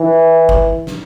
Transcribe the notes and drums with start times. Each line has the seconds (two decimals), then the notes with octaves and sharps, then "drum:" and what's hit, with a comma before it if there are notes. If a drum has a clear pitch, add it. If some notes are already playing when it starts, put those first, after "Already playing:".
Already playing: E3
0.49 drum: kick
0.87 drum: snare